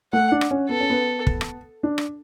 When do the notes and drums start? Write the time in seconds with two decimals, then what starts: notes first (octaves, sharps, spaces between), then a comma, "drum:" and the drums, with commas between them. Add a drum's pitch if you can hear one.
0.13 A3 F#5
0.32 D4
0.41 drum: rim click
0.51 C#4
0.69 B3 A4
0.80 C#4
0.90 B3
1.27 drum: kick
1.41 drum: rim click
1.83 D4
1.98 drum: rim click